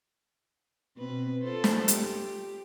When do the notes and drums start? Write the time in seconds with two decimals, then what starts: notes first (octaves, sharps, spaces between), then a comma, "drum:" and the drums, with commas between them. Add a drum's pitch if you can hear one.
0.96 B2 C4 B4
1.44 F4 A4 C5
1.64 drum: snare
1.88 G4, drum: hi-hat